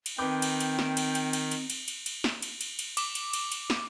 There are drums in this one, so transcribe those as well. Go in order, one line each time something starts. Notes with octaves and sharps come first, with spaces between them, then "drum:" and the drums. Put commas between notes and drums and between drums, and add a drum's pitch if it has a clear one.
drum: cymbal
D#3 C4 B4 G5 D6 G6
drum: cymbal
drum: cymbal
drum: snare
drum: cymbal
drum: cymbal
drum: cymbal
drum: cymbal
drum: cymbal
drum: cymbal
drum: cymbal
drum: snare
drum: cymbal
drum: cymbal
drum: cymbal
D6, drum: cymbal
drum: cymbal
drum: cymbal
drum: cymbal
drum: snare